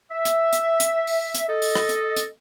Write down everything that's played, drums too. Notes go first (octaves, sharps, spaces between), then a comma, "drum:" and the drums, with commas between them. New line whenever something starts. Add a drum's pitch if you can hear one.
E5
drum: hi-hat
drum: hi-hat
drum: hi-hat
drum: open hi-hat
drum: hi-hat
A4 D#5
drum: open hi-hat
drum: rim click
drum: hi-hat
drum: hi-hat